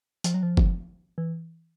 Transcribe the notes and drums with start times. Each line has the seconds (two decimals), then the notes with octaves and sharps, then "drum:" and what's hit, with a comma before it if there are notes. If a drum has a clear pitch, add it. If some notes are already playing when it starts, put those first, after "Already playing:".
0.24 F3, drum: hi-hat
0.34 F#3
0.43 F3
0.57 drum: kick
1.18 E3